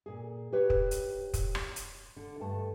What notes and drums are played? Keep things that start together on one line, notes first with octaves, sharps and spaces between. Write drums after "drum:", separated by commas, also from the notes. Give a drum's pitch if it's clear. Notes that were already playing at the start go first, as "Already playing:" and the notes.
A#2 G#4
D2 G4 B4 C#5
drum: kick
drum: hi-hat
drum: kick, hi-hat
drum: rim click
drum: hi-hat
D3
G2 A3 A5